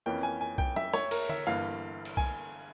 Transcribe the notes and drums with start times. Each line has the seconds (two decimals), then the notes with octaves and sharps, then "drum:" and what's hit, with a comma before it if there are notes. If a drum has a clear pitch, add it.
0.06 F2 E3 A#3 C#4 G5
0.23 G#5
0.41 G#5
0.58 G5, drum: kick B1
0.76 E5, drum: tom F#3
0.94 C#5, drum: snare
1.11 A#4, drum: cymbal
1.29 E5, drum: tom D3
1.47 G1 G2 E3 A#3 F5
2.05 drum: cymbal
2.17 G#5, drum: kick B1